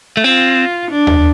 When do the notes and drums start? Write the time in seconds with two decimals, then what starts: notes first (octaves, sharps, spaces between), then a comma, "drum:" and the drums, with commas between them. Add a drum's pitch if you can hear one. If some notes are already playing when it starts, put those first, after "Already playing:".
0.17 A3
0.24 C4 F4
0.91 D4
1.07 drum: tom D#2